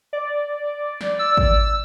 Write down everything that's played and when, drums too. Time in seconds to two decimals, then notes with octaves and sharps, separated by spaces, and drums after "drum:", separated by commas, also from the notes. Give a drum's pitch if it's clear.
0.13 D5
1.01 drum: snare
1.19 E6
1.37 drum: kick